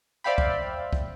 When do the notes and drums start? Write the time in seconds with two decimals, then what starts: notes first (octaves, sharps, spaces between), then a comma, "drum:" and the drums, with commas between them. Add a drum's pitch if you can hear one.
0.24 C5 D5 E5 F5 G5 B5
0.38 drum: kick
0.93 drum: kick